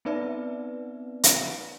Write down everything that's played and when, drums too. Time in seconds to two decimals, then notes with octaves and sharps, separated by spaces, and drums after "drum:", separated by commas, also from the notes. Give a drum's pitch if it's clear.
0.05 B3 C4 D#4 B4 D5 E5
1.24 drum: hi-hat